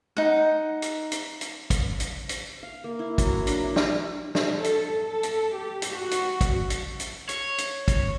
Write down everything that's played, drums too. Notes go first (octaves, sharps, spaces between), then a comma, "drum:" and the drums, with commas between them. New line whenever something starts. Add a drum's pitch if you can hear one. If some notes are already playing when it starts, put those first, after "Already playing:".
D#4 F#5
drum: hi-hat
drum: hi-hat
drum: hi-hat
drum: kick, hi-hat
drum: hi-hat
drum: hi-hat
F5
A#3
E4
F#3, drum: kick, hi-hat
A#5
D4, drum: hi-hat
E4
drum: snare
drum: snare
A4
drum: hi-hat
A4
drum: hi-hat
G4
drum: hi-hat
F#4
drum: hi-hat
drum: kick, hi-hat
drum: hi-hat
drum: hi-hat
C#5, drum: hi-hat
drum: hi-hat
drum: kick, hi-hat